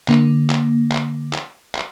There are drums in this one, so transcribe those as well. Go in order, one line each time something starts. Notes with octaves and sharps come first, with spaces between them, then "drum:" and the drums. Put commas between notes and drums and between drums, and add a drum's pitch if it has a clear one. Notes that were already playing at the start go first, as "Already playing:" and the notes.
D3 A#3, drum: clap
drum: clap
drum: clap
drum: clap
drum: clap